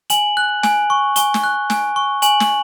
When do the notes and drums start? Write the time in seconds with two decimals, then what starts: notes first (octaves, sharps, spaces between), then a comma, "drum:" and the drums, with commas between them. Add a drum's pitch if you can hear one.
0.10 G#5 F#7, drum: hi-hat
0.37 F#6
0.63 G#5, drum: snare
0.90 C#6
1.16 G#5 G7, drum: hi-hat
1.34 drum: snare
1.44 F#6
1.70 G#5, drum: snare
1.96 C#6
2.22 G#5 F#7, drum: hi-hat
2.40 drum: snare